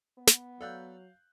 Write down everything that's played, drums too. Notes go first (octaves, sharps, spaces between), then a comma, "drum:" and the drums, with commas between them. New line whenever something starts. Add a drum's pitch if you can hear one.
B3
drum: snare
F#3 A4 D5 F5 E6 F#6 G6